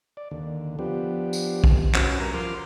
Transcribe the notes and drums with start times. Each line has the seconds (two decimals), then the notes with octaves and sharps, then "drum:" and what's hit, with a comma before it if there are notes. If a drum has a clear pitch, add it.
0.17 D5
0.31 D#2 D3
0.79 F3 B3 D4 G4
1.33 drum: tambourine
1.64 drum: kick
1.94 C#4 F#4 B4, drum: clap
2.20 G2 A#4 A#5
2.34 F3 A#4 C6 D6 F6